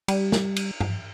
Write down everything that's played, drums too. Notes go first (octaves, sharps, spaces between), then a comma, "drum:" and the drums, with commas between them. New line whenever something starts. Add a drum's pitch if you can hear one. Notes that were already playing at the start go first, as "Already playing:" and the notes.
G3, drum: cymbal
drum: snare
drum: cymbal
drum: tom G2